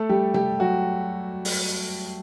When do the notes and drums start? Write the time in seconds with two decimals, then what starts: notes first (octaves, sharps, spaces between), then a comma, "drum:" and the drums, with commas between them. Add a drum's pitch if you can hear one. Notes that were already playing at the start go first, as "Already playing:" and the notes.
Already playing: A3 A4
0.09 G3 G4
0.34 G3 G4, drum: tom C3
0.60 F#3 F#4
1.45 drum: open hi-hat